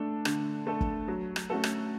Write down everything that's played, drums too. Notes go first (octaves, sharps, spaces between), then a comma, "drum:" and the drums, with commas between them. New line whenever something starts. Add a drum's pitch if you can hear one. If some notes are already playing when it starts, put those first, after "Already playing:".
Already playing: A3 D4 A4
D3, drum: rim click
A3 D4 A4
drum: kick
F#3
drum: rim click
A3 C#4 F#4 A4
drum: rim click